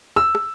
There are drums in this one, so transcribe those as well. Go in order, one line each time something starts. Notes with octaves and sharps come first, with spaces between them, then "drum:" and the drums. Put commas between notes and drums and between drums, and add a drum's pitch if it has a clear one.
E6, drum: rim click
drum: rim click